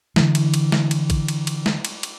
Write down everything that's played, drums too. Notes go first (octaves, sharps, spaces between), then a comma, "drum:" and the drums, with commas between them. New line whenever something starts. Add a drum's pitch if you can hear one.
D3 E3, drum: snare
drum: cymbal
drum: cymbal
drum: snare
drum: cymbal
drum: kick, cymbal
drum: cymbal
drum: cymbal
drum: snare
drum: cymbal
drum: cymbal